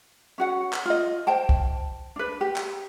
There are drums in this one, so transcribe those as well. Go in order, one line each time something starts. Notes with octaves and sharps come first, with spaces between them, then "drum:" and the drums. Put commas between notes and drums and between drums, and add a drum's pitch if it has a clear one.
C#4 F#4 F#5
drum: clap
F4 D#5
C5 G5 A5
drum: kick
D4 B4
G4
drum: clap